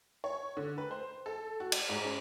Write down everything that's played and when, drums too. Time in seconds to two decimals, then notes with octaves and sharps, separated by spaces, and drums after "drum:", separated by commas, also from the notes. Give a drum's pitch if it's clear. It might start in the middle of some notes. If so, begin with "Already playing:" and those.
0.24 C#5
0.57 D3
0.78 B4
0.91 C5
1.26 A4
1.60 F#4
1.72 D5, drum: cymbal
1.89 G#2
2.05 C#4